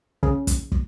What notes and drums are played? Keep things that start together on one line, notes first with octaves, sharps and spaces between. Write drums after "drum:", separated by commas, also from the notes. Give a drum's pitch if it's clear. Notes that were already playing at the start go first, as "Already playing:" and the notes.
C#3, drum: kick
drum: kick, hi-hat
drum: kick